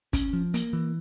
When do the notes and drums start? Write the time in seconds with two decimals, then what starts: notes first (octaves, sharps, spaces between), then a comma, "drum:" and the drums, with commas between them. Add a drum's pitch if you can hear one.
0.13 C#4, drum: kick, hi-hat
0.33 F3
0.54 A#3, drum: hi-hat
0.73 E3